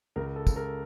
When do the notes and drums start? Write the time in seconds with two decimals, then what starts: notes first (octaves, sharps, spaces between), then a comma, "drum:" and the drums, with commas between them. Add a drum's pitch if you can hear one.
0.16 C#2 A#4
0.36 A4
0.47 C#2, drum: kick, tambourine
0.56 A#4